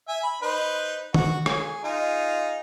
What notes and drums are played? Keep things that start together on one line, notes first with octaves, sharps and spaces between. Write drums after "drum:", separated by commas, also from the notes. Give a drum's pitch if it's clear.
E5 G#5
B5
D#4 B4 C5
F#4, drum: tom
G#4, drum: rim click
D#4 F4 G#4